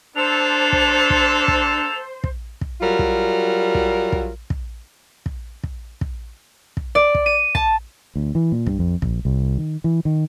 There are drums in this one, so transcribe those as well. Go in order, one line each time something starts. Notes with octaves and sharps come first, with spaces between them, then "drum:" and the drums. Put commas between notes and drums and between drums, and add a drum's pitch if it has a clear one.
A#3 D4 A4 C5 F7
drum: kick
drum: kick
drum: kick
drum: kick
drum: kick
F#3 G3 F4 A#4
drum: kick
drum: kick
drum: kick
drum: kick
drum: kick
drum: kick
drum: kick
drum: kick
D5
drum: kick
D#7
A5, drum: kick
D2
E3
A#2
G2, drum: kick
F2
A#1, drum: kick
C2
D#3
E3
D#3